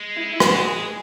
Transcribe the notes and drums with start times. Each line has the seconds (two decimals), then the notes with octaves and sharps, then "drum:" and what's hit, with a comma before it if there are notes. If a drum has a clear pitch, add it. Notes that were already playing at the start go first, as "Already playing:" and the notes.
Already playing: G#3
0.17 E4
0.33 E4
0.40 F#4, drum: rim click
0.64 G#4